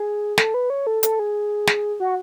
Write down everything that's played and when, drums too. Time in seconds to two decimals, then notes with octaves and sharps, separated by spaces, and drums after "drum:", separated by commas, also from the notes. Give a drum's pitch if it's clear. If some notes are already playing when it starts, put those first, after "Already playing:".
Already playing: G#4
0.38 A4, drum: snare
0.54 B4
0.70 C#5
0.87 A4
1.03 A4, drum: hi-hat
1.19 G#4
1.67 drum: snare
2.00 F#4